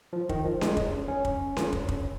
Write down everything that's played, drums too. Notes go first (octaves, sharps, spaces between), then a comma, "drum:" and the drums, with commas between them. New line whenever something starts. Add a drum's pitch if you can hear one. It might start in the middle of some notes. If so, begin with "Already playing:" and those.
F3
D#3, drum: kick
F3
G#3, drum: snare C#4
drum: kick
C#4
drum: kick
drum: snare C#4
drum: kick
drum: kick